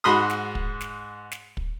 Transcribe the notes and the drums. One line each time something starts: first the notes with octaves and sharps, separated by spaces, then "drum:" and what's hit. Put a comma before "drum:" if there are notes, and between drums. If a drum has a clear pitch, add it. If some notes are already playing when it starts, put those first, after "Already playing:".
G#2 F#4 B5 C6 D#6
drum: snare
drum: kick
drum: snare
drum: snare
drum: kick